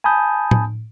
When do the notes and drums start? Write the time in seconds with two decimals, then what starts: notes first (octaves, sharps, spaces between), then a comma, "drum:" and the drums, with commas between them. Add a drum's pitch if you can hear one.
0.04 G#5 A5 B5 D#6 G6
0.51 drum: tom A2